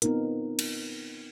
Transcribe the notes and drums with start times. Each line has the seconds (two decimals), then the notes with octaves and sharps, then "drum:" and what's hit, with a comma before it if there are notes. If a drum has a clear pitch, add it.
0.02 B3 C4 D#4 F4 A#4, drum: hi-hat
0.59 drum: cymbal